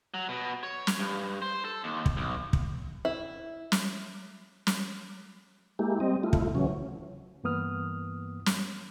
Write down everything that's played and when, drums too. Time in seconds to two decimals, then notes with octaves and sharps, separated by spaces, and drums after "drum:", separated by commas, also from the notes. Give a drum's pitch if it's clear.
0.14 F#3
0.29 B2
0.63 C#5
0.87 drum: snare
1.00 G2
1.42 C5
1.65 A4
1.84 D#2
2.06 drum: kick
2.17 B1
2.53 drum: kick
3.05 E4
3.72 drum: snare
4.67 drum: snare
5.79 G#3 A#3 E4 G4
6.00 G3 C4 D#5
6.23 A3 E4 F4
6.33 drum: kick
6.55 C#3 E3 F#3 C#4
7.44 G2 E3 A#3 B3 D#6 F6
8.46 drum: snare